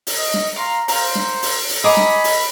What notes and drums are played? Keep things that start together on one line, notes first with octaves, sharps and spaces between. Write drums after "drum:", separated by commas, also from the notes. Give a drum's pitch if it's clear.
drum: open hi-hat
D#5
drum: snare
F5 A#5 C6
C5 F5 A#5, drum: open hi-hat
drum: snare
drum: open hi-hat
drum: open hi-hat
G#4 D#5 A#5 B5 D6
drum: snare
drum: open hi-hat